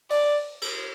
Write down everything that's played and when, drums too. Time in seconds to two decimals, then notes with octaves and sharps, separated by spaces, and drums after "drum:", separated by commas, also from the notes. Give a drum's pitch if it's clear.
0.10 D5, drum: open hi-hat
0.61 drum: cymbal